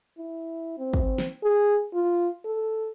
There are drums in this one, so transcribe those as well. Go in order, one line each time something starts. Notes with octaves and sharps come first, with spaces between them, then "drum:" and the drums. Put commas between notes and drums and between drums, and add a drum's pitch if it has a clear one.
E4
C4
drum: kick
drum: snare
G#4
F4
A4